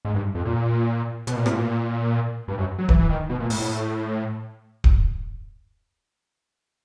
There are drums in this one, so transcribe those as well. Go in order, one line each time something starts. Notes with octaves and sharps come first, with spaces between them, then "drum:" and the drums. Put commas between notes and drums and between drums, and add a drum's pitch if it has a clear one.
G#2
G2
F2
A#2
B2, drum: hi-hat
A#2
A2, drum: rim click
A#2
G2
F#2
F#3
E3, drum: kick D1
E3
D#3
B2
A#2
A2, drum: open hi-hat
A2
drum: kick D1